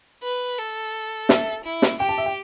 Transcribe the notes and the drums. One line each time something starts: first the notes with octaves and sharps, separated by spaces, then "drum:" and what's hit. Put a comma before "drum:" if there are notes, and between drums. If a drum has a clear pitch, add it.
B4
A4
E5, drum: snare
E4
drum: snare
G4 G5
A5
E5
G5